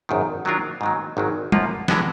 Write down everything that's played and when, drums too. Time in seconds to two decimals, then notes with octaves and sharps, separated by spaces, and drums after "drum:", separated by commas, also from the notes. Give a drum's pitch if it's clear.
0.09 G#1 F#2 D#3
0.45 D#3 F#3 D4 F4 A#4
0.81 G#2 D#3 F#3
1.17 G#1 G#2 D#3 F#3
1.52 F#2 F3 A#3 F4 B4, drum: tom
1.88 D3 G#3 B3, drum: snare